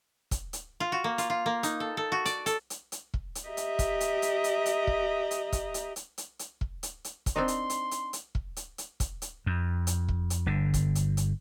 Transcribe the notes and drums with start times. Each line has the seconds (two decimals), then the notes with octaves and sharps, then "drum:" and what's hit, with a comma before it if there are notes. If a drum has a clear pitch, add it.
0.31 drum: kick, hi-hat
0.53 drum: hi-hat
0.80 F4
0.92 F#4
1.04 A#3
1.18 F4, drum: hi-hat
1.30 F4
1.46 A#3
1.63 D#4, drum: hi-hat
1.80 A4
1.97 A4
2.12 F#4
2.26 D5, drum: hi-hat
2.46 A4, drum: hi-hat
2.70 drum: hi-hat
2.92 drum: hi-hat
3.14 drum: kick
3.35 drum: hi-hat
3.48 G4 D#5 E5 A#5
3.57 drum: hi-hat
3.79 drum: kick, hi-hat
4.00 drum: hi-hat
4.22 drum: hi-hat
4.44 drum: hi-hat
4.66 drum: hi-hat
4.87 drum: kick
5.31 drum: hi-hat
5.52 drum: kick, hi-hat
5.74 drum: hi-hat
5.96 drum: hi-hat
6.18 drum: hi-hat
6.39 drum: hi-hat
6.61 drum: kick
6.83 drum: hi-hat
7.04 drum: hi-hat
7.26 drum: kick, hi-hat
7.36 C4 D4 D#4 C6
7.48 drum: hi-hat
7.70 drum: hi-hat
7.91 drum: hi-hat
8.13 drum: hi-hat
8.35 drum: kick
8.56 drum: hi-hat
8.78 drum: hi-hat
9.00 drum: kick, hi-hat
9.22 drum: hi-hat
9.46 F2
9.87 drum: hi-hat
10.08 drum: kick
10.30 drum: hi-hat
10.46 G1 D3
10.74 drum: kick, hi-hat
10.95 drum: hi-hat
11.17 drum: hi-hat